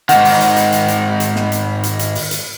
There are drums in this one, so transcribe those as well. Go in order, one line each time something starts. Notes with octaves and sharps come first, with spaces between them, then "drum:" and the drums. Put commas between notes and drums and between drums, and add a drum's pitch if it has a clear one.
G#2 D#3 F#5, drum: hi-hat
drum: open hi-hat
drum: hi-hat
drum: hi-hat
drum: hi-hat
drum: hi-hat
drum: hi-hat
drum: snare
drum: hi-hat
drum: hi-hat
drum: hi-hat
drum: open hi-hat
drum: hi-hat